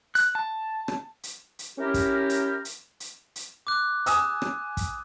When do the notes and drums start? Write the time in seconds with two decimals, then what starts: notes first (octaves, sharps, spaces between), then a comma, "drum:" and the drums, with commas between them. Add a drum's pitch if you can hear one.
0.15 F#6, drum: hi-hat
0.35 A5
0.88 drum: rim click
1.23 drum: hi-hat
1.59 drum: hi-hat
1.78 C#4 E4 G4 A#4
1.94 drum: kick, hi-hat
2.30 drum: hi-hat
2.65 drum: hi-hat
3.00 drum: hi-hat
3.36 drum: hi-hat
3.67 D6 F#6
4.06 G#5 D#6 E6, drum: hi-hat
4.42 drum: rim click
4.77 drum: kick, hi-hat